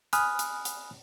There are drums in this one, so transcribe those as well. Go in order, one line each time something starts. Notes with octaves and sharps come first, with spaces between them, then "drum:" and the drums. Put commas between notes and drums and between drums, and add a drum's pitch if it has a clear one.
G#5 B5 D#6 F6 F#6, drum: hi-hat
drum: hi-hat
drum: hi-hat